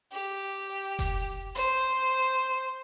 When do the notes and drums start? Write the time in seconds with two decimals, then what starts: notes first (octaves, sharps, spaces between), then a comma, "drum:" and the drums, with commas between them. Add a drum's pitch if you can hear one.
0.12 G4
0.99 drum: kick F1, hi-hat
1.55 C5, drum: hi-hat